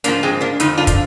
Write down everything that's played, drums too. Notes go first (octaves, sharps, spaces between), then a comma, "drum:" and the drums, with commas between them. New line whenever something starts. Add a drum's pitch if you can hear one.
G#2 F3 A#3 D4, drum: hi-hat
G#3 C4
A#3 D4
F2 D3 F3 D#4, drum: hi-hat
D4 F4
drum: kick, hi-hat